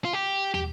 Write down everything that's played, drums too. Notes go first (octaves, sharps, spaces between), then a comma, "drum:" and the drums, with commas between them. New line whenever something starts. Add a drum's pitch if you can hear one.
F4
G4
G4, drum: tom